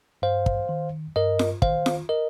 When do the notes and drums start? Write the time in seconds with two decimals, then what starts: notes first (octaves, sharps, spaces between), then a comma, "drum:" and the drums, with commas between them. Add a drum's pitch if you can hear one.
0.22 G2 C5 F5
0.46 drum: kick
0.69 D#3
1.16 G2 A#4 D#5
1.39 drum: snare F4
1.62 D#3 C5 F5, drum: kick
1.86 drum: snare F4
2.09 A#4 D#5